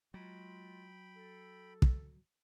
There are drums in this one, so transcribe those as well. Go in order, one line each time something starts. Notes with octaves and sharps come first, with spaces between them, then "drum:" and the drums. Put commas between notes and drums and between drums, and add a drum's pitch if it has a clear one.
F#3 G#3 F4 G5 B5
A4
drum: kick